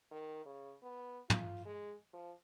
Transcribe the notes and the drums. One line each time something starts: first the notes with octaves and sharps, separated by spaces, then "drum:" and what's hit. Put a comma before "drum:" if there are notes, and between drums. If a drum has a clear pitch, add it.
D#3
C#3
B3
F4, drum: tom
G#3
F3